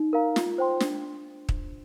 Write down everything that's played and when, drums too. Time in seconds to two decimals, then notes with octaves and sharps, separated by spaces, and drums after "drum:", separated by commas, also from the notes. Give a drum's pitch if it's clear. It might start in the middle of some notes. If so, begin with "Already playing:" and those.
Already playing: D#4
0.13 A#4 F5 A#5
0.36 F4, drum: snare
0.58 C5 G5 C6
0.80 D4, drum: snare
1.49 drum: kick